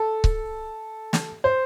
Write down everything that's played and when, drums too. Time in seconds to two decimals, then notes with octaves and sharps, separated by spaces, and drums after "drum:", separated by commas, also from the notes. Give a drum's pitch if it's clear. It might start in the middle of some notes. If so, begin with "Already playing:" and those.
Already playing: A4
0.24 drum: kick C#1
1.13 drum: snare
1.44 C5